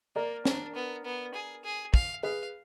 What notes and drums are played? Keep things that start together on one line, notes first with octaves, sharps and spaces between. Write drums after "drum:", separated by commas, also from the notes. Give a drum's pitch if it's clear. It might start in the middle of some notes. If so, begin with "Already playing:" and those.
A#3 A#4 D5
D4, drum: snare
B3
B3
G#4
G#4
F5, drum: kick
G#4 B4 F5